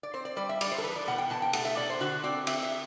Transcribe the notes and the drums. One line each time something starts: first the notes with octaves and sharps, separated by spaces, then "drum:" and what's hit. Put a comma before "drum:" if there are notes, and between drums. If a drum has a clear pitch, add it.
D5
C4 C5
D5
G3 D5
E5
G2 D5, drum: cymbal
C5
A4
E3 B4
D5
B2 F#5
G5
B2 A5
G5
A3 F#5, drum: cymbal
E5
B2 D5
C5
D3 F#4
C4 D5
C4 E5, drum: cymbal
E5